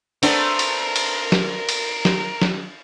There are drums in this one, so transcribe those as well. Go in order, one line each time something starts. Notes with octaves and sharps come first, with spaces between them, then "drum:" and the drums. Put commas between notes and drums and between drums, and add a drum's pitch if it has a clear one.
A3 B3 C4 D4 A#4, drum: cymbal
drum: cymbal
drum: cymbal
drum: snare
drum: cymbal
drum: snare
drum: snare